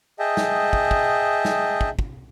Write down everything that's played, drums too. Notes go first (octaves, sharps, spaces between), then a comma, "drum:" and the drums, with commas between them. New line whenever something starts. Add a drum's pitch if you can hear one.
G#4 D#5 E5 G5 A5
drum: snare
drum: kick
drum: kick
drum: snare
drum: kick
drum: kick